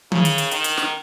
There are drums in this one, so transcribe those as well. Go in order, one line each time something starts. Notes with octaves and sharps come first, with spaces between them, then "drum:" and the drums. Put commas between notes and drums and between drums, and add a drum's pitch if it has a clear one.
C#3, drum: tom D#3
drum: hi-hat
drum: hi-hat
D#3, drum: hi-hat
drum: hi-hat
drum: snare